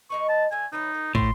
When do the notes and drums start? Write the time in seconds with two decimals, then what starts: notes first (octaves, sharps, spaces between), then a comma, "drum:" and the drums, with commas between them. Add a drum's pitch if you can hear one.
0.10 G#3 D#4 B4 C#6
0.29 A5
0.51 D3 A3 G#5
0.73 E3 D#4 B4 C#5
0.94 A#3
1.15 A2 F#4 G4 C5 C6, drum: kick